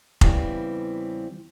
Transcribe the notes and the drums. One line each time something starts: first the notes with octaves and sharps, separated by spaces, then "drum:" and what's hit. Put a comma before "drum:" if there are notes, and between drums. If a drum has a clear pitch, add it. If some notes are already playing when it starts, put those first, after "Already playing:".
E2 C#3 E3 G3 C4, drum: kick F1